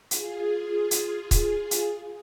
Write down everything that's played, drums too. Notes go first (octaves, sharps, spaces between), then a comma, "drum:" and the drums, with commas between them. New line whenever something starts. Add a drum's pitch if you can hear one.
F4 G#4, drum: hi-hat
drum: hi-hat
drum: kick C#1, hi-hat
drum: hi-hat